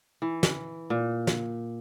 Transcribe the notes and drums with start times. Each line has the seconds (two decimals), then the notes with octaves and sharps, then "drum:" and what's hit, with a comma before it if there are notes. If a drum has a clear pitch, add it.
0.22 E3
0.43 drum: snare
0.90 A#2
1.27 drum: snare